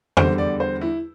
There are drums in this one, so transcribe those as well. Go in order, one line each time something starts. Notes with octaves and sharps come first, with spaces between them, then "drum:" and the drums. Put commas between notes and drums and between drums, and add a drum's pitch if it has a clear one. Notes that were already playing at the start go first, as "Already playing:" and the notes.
E2 D3 G3 C5, drum: tom
D5
C5
E4